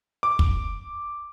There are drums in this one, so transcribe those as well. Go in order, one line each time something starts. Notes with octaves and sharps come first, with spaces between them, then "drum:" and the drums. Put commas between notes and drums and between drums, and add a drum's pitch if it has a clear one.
D6
drum: kick